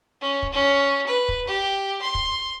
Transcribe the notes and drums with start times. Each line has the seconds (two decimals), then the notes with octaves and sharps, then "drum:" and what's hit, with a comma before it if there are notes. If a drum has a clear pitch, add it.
0.21 C#4
0.43 drum: kick
0.53 C#4
1.07 B4
1.29 drum: kick
1.48 G4
2.01 C6
2.15 drum: kick